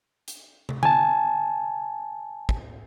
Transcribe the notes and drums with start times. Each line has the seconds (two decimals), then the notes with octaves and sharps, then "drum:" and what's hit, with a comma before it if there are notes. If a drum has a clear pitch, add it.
0.28 drum: hi-hat
0.69 drum: tom
0.83 G#5 A5, drum: tom D3
2.49 drum: kick